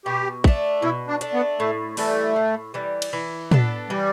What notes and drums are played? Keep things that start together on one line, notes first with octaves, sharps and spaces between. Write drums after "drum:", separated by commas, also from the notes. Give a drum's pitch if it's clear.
B2 G4
A3 D4, drum: kick
B2 E4
D4
A3 D4, drum: hi-hat
B3
A2 A3
E3 G3 A3, drum: open hi-hat
A2
E3 G3
drum: cymbal
E3
B3 D4 A4, drum: tom
E3 G3